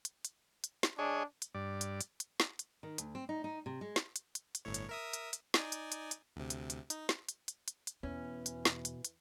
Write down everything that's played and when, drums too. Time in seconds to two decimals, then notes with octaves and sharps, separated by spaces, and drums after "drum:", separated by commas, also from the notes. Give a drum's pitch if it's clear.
0.05 drum: hi-hat
0.25 drum: hi-hat
0.64 drum: hi-hat
0.83 drum: snare
0.99 D4 G#4 C#5 D#5
1.42 drum: hi-hat
1.55 G2 D5
1.81 drum: hi-hat
2.01 drum: hi-hat
2.20 drum: hi-hat
2.40 drum: snare
2.59 drum: hi-hat
2.83 D#3
2.98 D2, drum: hi-hat
3.15 C4
3.29 D#4
3.44 D#4
3.66 C3
3.81 G#3
3.96 drum: snare
4.16 drum: hi-hat
4.35 drum: hi-hat
4.55 drum: hi-hat
4.65 G1 A2 C#5
4.74 drum: hi-hat
4.89 A#4 E5 D#6
5.13 drum: hi-hat
5.33 drum: hi-hat
5.54 D#4 D5 G#5, drum: snare
5.72 drum: hi-hat
5.92 drum: hi-hat
6.11 drum: hi-hat
6.36 D2 C3
6.50 drum: hi-hat
6.70 drum: hi-hat
6.90 D#4, drum: hi-hat
7.09 drum: snare
7.29 drum: hi-hat
7.48 drum: hi-hat
7.68 drum: hi-hat
7.87 drum: hi-hat
8.03 E2 B2 E3 C#4
8.46 drum: hi-hat
8.65 drum: snare
8.85 drum: hi-hat
9.05 drum: hi-hat